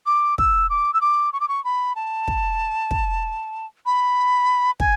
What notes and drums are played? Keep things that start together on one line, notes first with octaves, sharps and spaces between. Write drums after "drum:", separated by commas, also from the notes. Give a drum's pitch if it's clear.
D6
E6, drum: kick
D6
E6
D6
C#6
D6
C#6
B5
A5
drum: kick
drum: kick
B5
G#5, drum: kick